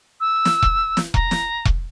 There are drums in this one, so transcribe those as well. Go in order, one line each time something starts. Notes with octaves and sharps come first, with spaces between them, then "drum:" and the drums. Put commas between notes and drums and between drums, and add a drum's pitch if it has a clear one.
E6
drum: snare
drum: kick E1
drum: snare
A#5, drum: kick E1
drum: snare
drum: kick E1